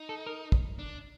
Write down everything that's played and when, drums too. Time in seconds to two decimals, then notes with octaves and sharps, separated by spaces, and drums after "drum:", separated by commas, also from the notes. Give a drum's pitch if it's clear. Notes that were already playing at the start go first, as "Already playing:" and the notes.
Already playing: D#4
0.09 A4
0.26 A#4
0.52 drum: kick
0.79 D4